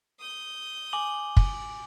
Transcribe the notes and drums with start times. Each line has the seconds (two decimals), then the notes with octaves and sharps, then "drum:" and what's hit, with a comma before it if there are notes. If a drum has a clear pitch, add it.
0.20 D#6 G6
0.93 G#5 D6 F#7
1.37 drum: kick